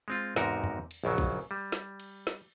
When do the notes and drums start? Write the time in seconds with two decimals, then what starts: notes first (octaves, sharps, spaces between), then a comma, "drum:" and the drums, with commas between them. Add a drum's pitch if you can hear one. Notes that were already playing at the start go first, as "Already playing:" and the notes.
0.08 G#3 C4 F4
0.36 E2 G#2 C3 D#4 F#4 A#4, drum: snare
0.64 drum: tom E2
0.91 drum: cymbal
1.04 A#1 F#2 C#3 F#3
1.18 drum: kick
1.51 G3
1.72 drum: snare
2.00 drum: cymbal
2.27 drum: snare